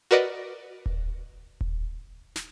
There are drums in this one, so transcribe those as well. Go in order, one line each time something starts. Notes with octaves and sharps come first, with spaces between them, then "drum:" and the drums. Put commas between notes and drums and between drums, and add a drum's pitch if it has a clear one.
F#4 A#4 B4 D5 D#5 F#5
drum: kick D#1
drum: kick D#1
drum: snare